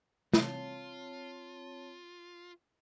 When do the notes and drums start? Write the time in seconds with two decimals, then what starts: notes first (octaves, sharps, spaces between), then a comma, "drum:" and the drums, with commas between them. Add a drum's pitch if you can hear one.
0.33 C4 F4 C#5 A5, drum: snare